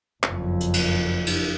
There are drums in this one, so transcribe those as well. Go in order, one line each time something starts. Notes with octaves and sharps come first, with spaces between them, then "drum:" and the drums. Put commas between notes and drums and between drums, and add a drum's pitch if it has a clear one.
F#1 F2, drum: clap
drum: hi-hat
drum: cymbal
drum: cymbal